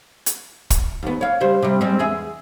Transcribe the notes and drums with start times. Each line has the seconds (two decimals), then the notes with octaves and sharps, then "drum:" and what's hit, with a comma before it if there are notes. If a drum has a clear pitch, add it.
0.26 drum: hi-hat
0.70 drum: kick, hi-hat
1.03 D#2 B3
1.21 C#5 F5
1.40 C#3 G3 C5
1.62 C3 G3
1.81 G3 G#3 C4
1.99 E2 G#4 E5